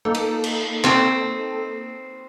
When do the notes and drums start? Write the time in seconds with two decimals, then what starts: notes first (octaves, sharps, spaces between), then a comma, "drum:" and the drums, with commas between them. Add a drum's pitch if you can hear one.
0.05 A#3 D#4 A4
0.15 drum: cymbal
0.44 drum: cymbal
0.84 C4, drum: clap